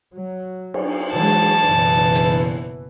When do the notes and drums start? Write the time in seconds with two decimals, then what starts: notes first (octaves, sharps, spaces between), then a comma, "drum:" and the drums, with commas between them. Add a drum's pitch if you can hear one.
0.14 F#3
0.74 drum: cymbal
1.14 E3 F#3 G#3 A5
1.65 F#1 B2 E3
2.15 drum: hi-hat